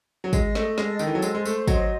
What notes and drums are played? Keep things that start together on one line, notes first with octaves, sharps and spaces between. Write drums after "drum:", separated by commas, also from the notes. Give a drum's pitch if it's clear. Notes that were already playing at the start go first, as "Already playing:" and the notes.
F#3
G#3 D#5, drum: kick, tambourine
A3, drum: snare
G#3 A4, drum: snare
D#3, drum: tambourine
E3
F#3
G#3 C5, drum: tambourine
G#3
A3, drum: tambourine
F#3 D#5, drum: kick, tambourine